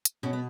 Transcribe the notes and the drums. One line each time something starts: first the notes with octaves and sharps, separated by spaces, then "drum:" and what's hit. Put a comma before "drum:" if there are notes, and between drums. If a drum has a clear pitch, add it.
drum: hi-hat
B2 C#4
B3